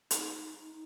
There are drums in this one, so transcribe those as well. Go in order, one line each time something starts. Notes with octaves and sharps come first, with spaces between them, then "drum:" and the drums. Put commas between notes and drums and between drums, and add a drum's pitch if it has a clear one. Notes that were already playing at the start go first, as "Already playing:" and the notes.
D#4, drum: hi-hat